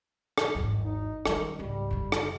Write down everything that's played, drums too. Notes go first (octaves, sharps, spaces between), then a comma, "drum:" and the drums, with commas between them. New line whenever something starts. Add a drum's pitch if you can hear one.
drum: rim click
G#1 E2
D#4
D#3 G#3 C#4, drum: rim click
C#2 G#2 G3
F#1 D3
drum: rim click